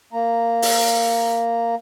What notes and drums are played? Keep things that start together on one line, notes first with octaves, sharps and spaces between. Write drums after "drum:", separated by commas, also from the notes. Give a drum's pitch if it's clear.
A#3 A#5
drum: open hi-hat